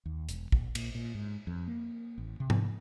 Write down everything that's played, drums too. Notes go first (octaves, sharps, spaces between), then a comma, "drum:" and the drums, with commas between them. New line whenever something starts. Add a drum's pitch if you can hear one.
D#2
E1, drum: hi-hat
A#1, drum: kick
A#2, drum: cymbal
A#2
G#2
F2
A#3
A1
C3
drum: tom G#2